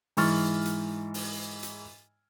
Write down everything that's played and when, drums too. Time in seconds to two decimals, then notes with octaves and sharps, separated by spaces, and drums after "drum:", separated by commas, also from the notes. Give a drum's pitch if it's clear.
0.17 G#2 E3 C#6 F6 A6, drum: open hi-hat
0.65 drum: hi-hat
1.14 drum: open hi-hat
1.63 drum: hi-hat